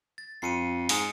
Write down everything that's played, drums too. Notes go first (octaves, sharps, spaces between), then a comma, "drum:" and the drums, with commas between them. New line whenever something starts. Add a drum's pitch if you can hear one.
A6
F2 C7 C#7 D#7
G#2 D#6 C#7 D7, drum: open hi-hat